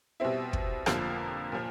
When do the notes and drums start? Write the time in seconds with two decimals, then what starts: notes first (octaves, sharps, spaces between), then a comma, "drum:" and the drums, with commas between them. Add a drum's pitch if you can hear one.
0.20 B2 G3 C4 E4
0.53 drum: kick
0.86 F2 D3 F3 A#3, drum: rim click
1.52 A#2 F3